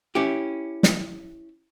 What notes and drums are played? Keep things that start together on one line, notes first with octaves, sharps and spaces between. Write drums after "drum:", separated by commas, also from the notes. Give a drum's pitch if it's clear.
C#4 E4 G4
drum: snare